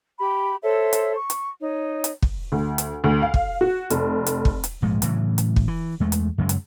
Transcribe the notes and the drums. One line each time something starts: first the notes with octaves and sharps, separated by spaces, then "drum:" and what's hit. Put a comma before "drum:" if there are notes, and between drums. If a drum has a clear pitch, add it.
G4 B5
A4 C5 C#5 E5
drum: hi-hat
C#6
drum: hi-hat
D#4 C#5
drum: hi-hat
drum: kick
D2
drum: hi-hat
D2
F5
drum: kick
F#4
F1, drum: hi-hat
drum: hi-hat
drum: kick
drum: hi-hat
A#1 G#2 F3 G#3
A2 C#3 E3 F#3, drum: hi-hat
drum: hi-hat
drum: kick
E3
E2 G#3 A3
drum: hi-hat
F#2 C#3 F#3 G#3
drum: hi-hat